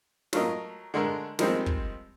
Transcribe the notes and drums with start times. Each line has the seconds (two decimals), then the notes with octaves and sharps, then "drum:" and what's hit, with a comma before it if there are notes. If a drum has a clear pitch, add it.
0.33 F#3 A3 F4 A#4 D#5, drum: snare
0.94 D3 G#3 A3 A#4
1.39 D#3 F3 G3 G#3 C4 D#4, drum: snare
1.66 drum: kick